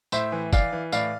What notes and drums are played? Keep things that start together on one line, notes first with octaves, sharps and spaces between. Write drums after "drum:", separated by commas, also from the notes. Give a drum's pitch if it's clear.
A2 C5 E5, drum: tambourine
E3
E3 D5 F5, drum: kick, tambourine
E3
A2 D5 F5, drum: tambourine